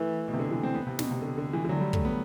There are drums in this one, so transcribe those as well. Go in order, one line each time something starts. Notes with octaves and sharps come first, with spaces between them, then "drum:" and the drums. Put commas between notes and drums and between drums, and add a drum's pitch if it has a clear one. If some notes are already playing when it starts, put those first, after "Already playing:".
Already playing: E3 A3
B2
C3
D3
E3
C4
B3
C3
B2, drum: snare
C3
D3
D3
E3
E3
D3 F#3
A3
G3
A3, drum: kick
B3